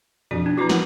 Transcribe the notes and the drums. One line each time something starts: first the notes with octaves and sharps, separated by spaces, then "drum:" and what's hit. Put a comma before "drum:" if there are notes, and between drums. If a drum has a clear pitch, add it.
F2 B2 F3 D4 G4 D5
B3 D4
F3 E4 F#4 B4 A#5
E4 G4 A#4 F#5, drum: snare